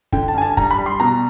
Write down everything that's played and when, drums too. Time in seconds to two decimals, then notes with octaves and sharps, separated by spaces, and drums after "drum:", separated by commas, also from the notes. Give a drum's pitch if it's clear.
0.12 D3 G5, drum: kick
0.28 A5
0.34 G2 G#5
0.42 A5
0.57 G3 A#5, drum: kick
0.71 B5
0.78 G3
0.86 C6
1.00 B2 A#5